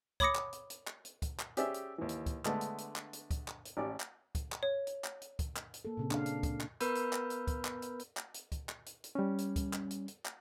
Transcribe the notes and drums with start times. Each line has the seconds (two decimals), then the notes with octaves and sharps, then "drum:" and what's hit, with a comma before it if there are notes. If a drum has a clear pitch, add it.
0.20 C#5 B5 D6 D#6 A#6 C#7, drum: kick, hi-hat
0.35 drum: clap
0.53 drum: hi-hat
0.70 drum: hi-hat
0.87 drum: clap
1.05 drum: hi-hat
1.22 drum: kick, hi-hat
1.39 drum: clap
1.57 C#4 G4 G#4 C5 D5 E5, drum: hi-hat
1.74 drum: hi-hat
1.98 D#2 E3
2.09 drum: hi-hat
2.26 drum: kick, hi-hat
2.45 D3 G#3 A3 B3 D4, drum: clap
2.61 drum: hi-hat
2.78 drum: hi-hat
2.96 drum: clap
3.13 drum: hi-hat
3.31 drum: kick, hi-hat
3.48 drum: clap
3.65 drum: hi-hat
3.77 A1 G4 D5 D6
4.00 drum: clap
4.35 drum: kick, hi-hat
4.52 drum: clap
4.63 C#5
4.87 drum: hi-hat
5.04 drum: clap
5.22 drum: hi-hat
5.39 drum: kick, hi-hat
5.56 drum: clap
5.74 drum: hi-hat
5.85 A#3 A4
5.97 A#2 C#3 C4
6.11 D4 F5, drum: clap
6.26 drum: hi-hat
6.43 drum: kick, hi-hat
6.61 drum: clap
6.80 B3 A#4 B4 B5 E6 G6, drum: hi-hat
6.95 drum: hi-hat
7.13 drum: clap
7.30 drum: hi-hat
7.47 drum: kick, hi-hat
7.65 drum: clap
7.82 drum: hi-hat
8.00 drum: hi-hat
8.17 drum: clap
8.34 drum: hi-hat
8.52 drum: kick, hi-hat
8.69 drum: clap
8.86 drum: hi-hat
9.04 drum: hi-hat
9.15 G3 C#4
9.39 drum: hi-hat
9.56 drum: kick, hi-hat
9.73 drum: clap
9.91 drum: hi-hat
10.08 drum: hi-hat
10.25 drum: clap